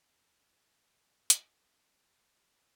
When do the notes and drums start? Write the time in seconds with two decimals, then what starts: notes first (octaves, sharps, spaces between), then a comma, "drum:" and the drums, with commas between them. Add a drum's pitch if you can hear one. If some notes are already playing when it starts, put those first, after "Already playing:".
0.04 E2 D3 A#3 E4 G#5
1.30 drum: hi-hat